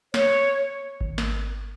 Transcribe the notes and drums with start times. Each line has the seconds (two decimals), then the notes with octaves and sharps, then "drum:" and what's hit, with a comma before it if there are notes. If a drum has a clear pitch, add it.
0.14 C#5, drum: snare
1.01 drum: kick G#1
1.18 drum: snare